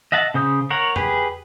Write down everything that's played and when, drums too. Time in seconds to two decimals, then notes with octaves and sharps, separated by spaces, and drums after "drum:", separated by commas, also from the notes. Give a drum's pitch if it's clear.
0.12 D#5 E5 F#5 A5
0.34 C#3 C5 D#6 G6
0.70 A#4 C#5 F#5
0.96 G4 G#4 B4, drum: tom E2